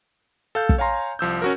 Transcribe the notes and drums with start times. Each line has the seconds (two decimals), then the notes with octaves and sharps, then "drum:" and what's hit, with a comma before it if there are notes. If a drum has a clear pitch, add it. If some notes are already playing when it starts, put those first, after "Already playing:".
0.55 A4 F5 G6
0.69 drum: kick
0.78 C#5 F5 G#5 A#5 C6
1.19 C2 F3 E6 G6
1.42 C#4 F#4 A#4